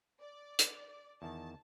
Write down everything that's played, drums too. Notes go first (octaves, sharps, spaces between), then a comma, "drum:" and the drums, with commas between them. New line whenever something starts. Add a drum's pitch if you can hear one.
D5
drum: hi-hat
E2 D#3 A5